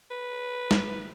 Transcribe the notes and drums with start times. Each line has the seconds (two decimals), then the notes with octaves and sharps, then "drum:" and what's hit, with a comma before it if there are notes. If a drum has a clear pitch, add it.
0.11 B4
0.71 drum: snare